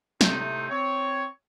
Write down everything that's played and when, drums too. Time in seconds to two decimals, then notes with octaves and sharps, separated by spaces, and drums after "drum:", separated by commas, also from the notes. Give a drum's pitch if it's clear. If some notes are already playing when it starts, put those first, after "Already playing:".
0.21 A2 C3 A3 C4 D#4, drum: snare
0.69 C4 C#5